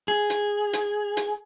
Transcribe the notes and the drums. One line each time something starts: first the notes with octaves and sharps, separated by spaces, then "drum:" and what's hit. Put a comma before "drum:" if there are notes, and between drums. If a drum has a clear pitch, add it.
G#4
drum: hi-hat
drum: hi-hat
drum: hi-hat